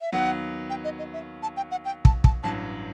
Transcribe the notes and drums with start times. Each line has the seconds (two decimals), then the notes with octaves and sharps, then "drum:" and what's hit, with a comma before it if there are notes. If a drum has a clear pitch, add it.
0.01 E5
0.12 D#2 D#3 F#3 B3 F#5
0.70 G5
0.84 D#5
0.99 D#5
1.13 E5
1.42 A5
1.57 G5
1.71 F#5
1.85 G5
2.05 A5, drum: kick
2.24 A5, drum: kick
2.43 A1 G2 F#3 A5